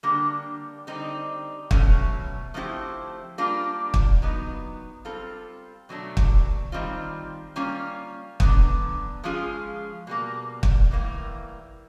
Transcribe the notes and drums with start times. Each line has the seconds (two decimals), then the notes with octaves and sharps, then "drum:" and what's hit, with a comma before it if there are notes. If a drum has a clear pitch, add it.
0.03 D3 G3 A#3 D4 G4
0.87 D3 G3 C4 D#4
1.71 B2 F#3 A3 C#4, drum: kick
2.54 F3 A3 C4 E4 G4
3.38 G3 A#3 D4 F4
3.94 drum: kick
4.22 F#3 B3 D#4
5.05 G3 C4 F4 A4
5.89 B2 F#3 A3 D4
6.17 drum: kick
6.72 D#3 G3 C4 F4
7.56 G3 A#3 C#4 F4
8.40 D3 F#3 B3, drum: kick
9.24 F3 G#3 C#4 F4 G#4
10.07 B2 G3 A#3
10.63 drum: kick
10.91 A2 E3 G3 A#3